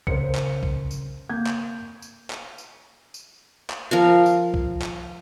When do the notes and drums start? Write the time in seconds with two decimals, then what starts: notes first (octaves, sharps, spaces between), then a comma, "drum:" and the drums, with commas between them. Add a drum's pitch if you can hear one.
0.07 C#3 A#4 C5 C#7, drum: kick B1
0.35 drum: clap
0.63 drum: kick B1
0.91 drum: tambourine
1.30 A#3 G6 G#6
1.47 drum: clap
2.02 drum: tambourine
2.30 drum: clap
2.58 drum: tambourine
3.14 drum: tambourine
3.70 drum: clap
3.91 F3 A#4 F5
4.26 drum: tambourine
4.54 drum: kick B1
4.82 drum: clap